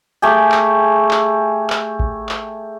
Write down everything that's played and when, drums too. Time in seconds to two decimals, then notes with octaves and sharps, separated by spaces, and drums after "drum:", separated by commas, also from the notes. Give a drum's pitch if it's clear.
0.22 A3 G4 G#4
0.52 drum: clap
1.11 drum: clap
1.70 drum: clap
1.99 drum: kick A1
2.29 drum: clap